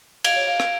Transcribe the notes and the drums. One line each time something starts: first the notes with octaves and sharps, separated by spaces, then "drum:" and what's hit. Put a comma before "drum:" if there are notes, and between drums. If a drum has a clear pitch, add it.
F5 G#6 D7 F7, drum: cymbal
C#5
F5
G#6 D7 F7, drum: rim click